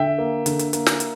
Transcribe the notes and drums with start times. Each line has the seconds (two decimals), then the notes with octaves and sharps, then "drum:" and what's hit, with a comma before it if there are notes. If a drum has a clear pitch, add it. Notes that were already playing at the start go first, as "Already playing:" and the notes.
Already playing: D3 E5 G5
0.18 A#3
0.46 D3, drum: hi-hat
0.59 drum: hi-hat
0.73 A#3, drum: hi-hat
0.86 drum: snare
1.00 drum: hi-hat